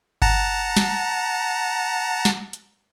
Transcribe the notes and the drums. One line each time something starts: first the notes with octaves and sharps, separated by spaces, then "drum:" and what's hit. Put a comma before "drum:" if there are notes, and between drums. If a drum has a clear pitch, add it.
F#5 A5 A#5, drum: kick G1
drum: snare
drum: snare
drum: hi-hat